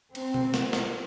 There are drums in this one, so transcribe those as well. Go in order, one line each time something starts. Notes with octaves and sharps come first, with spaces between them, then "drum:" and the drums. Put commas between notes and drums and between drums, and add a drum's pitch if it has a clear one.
C4, drum: cymbal
drum: tom B2
drum: snare
drum: snare